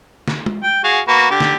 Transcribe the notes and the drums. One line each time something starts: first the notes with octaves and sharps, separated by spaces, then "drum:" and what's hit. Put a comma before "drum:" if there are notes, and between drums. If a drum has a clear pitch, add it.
drum: snare
drum: tom G#3
G5
F#4 G#4 F5
A#3 F#4 B4
D3 G4
drum: snare